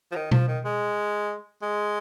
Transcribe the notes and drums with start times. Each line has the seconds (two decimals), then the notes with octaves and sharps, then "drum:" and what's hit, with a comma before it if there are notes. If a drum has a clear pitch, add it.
0.12 F3
0.15 D#3
0.31 F3, drum: tom B2
0.48 D#3
0.65 G#3
1.62 G#3